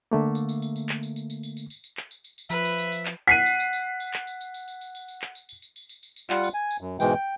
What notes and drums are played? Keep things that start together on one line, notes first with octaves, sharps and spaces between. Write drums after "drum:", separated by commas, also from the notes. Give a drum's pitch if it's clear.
D3 A3 A#3
drum: tambourine
drum: tambourine
drum: tambourine
drum: tambourine
drum: clap
drum: tambourine
drum: tambourine
drum: tambourine
drum: tambourine
drum: tambourine
drum: tambourine
drum: tambourine
drum: clap
drum: tambourine
drum: tambourine
drum: tambourine
F3 B4 E5, drum: tambourine
drum: tambourine
drum: tambourine
drum: tambourine
drum: clap
F#5 F#6 B6 C7 D#7
drum: tambourine
drum: tambourine
drum: tambourine
drum: tambourine
drum: clap
drum: tambourine
drum: tambourine
drum: tambourine
drum: tambourine
drum: tambourine
drum: tambourine
drum: tambourine
drum: clap
drum: tambourine
drum: tambourine
drum: tambourine
drum: tambourine
drum: tambourine
drum: tambourine
drum: tambourine
G3 F4 F#5, drum: clap
drum: tambourine
G#5
drum: tambourine
F#2
G#2 B2 E3 G#3 G5, drum: tambourine
G5